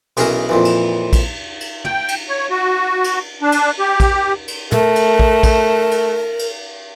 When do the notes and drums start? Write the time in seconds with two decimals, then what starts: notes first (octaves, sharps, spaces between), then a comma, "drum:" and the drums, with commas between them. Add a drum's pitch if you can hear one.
0.17 B1 E3 C#4 G#4 A#4 D#6, drum: cymbal
0.49 F2 A#2 E3
0.65 drum: cymbal
1.13 drum: kick, cymbal
1.61 drum: cymbal
1.85 G5, drum: tom
2.08 drum: cymbal
2.29 C#5
2.50 F#4
3.04 drum: cymbal
3.41 D4
3.52 drum: cymbal
3.79 G4
4.00 drum: kick, cymbal
4.48 drum: cymbal
4.72 A3 A#4, drum: tom
4.96 drum: cymbal
5.19 drum: kick
5.43 drum: kick, cymbal
5.91 drum: cymbal
6.39 drum: cymbal